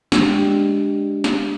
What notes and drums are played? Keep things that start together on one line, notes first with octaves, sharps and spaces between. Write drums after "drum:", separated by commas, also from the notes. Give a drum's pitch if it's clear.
G#3 D4 G4, drum: snare
drum: snare